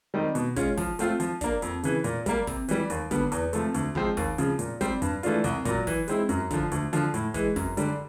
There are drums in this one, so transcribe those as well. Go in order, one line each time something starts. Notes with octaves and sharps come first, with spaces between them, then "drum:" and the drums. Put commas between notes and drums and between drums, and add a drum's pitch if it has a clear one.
D#3 G3 C4 D#4
B2, drum: hi-hat
G#3 C#4 F4, drum: kick, hi-hat
F3, drum: kick, open hi-hat
A3 C4 F4, drum: hi-hat
F3, drum: hi-hat
A#3 D4, drum: kick, hi-hat
F2, drum: hi-hat
C#3 E3, drum: hi-hat
A#2, drum: hi-hat
G3 A#3, drum: kick, hi-hat
C3, drum: kick, open hi-hat
E3 G3, drum: hi-hat
D#2, drum: hi-hat
D3 G3 B3, drum: kick, hi-hat
E2, drum: hi-hat
C3 F3 A3, drum: hi-hat
D2, drum: hi-hat
C3 F3 G#3 C4, drum: kick
D#2, drum: kick, open hi-hat
C#3 F3, drum: hi-hat
A#2, drum: hi-hat
G3 C4, drum: kick, hi-hat
G2, drum: hi-hat
E3 A3 D4 F4, drum: hi-hat
C2, drum: hi-hat
A#2 F#3, drum: kick, hi-hat
E3, drum: kick, open hi-hat
G#3 C4 E4, drum: hi-hat
F#2, drum: hi-hat
D3 F3, drum: kick, hi-hat
D2, drum: hi-hat
D3 F3, drum: hi-hat
A2, drum: hi-hat
E3 G#3, drum: kick, hi-hat
F#2, drum: kick, open hi-hat
D3 G3, drum: hi-hat